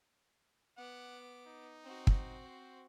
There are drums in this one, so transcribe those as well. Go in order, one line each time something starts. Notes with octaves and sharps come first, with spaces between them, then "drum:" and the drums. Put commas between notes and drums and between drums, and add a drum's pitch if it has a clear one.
B3 F#5 D6
D#4
C4 F#4
drum: kick
C5